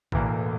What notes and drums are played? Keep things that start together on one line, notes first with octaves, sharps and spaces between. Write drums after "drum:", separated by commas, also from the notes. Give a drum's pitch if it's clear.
E1 E2 A2 E3 A#3, drum: kick A#1